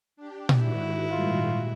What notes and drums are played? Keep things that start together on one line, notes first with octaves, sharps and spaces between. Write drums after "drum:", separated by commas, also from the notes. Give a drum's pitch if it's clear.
D4 G4
drum: tom A#2
G#2 D#3 E4 F#4
A#2 G3 G#3 F4